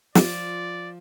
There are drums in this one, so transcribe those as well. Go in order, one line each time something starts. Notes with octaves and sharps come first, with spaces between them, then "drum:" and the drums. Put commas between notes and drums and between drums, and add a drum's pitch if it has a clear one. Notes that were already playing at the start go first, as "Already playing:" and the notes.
F3 F4 D5, drum: snare